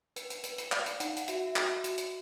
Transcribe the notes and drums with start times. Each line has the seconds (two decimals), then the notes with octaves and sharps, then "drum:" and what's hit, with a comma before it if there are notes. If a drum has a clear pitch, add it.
0.16 B4, drum: hi-hat
0.30 drum: hi-hat
0.44 B4, drum: hi-hat
0.58 drum: hi-hat
0.72 D5 F5, drum: clap
0.86 drum: hi-hat
1.00 D#4 F#5, drum: hi-hat
1.09 F5
1.17 F#5, drum: hi-hat
1.28 F#4 E5, drum: hi-hat
1.47 E5
1.56 F#4, drum: clap
1.65 E5
1.84 F#4, drum: hi-hat
1.98 drum: hi-hat